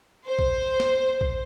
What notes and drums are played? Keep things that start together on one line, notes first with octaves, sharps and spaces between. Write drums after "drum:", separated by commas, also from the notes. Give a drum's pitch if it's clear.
C5
drum: kick A#1
drum: snare
drum: kick A#1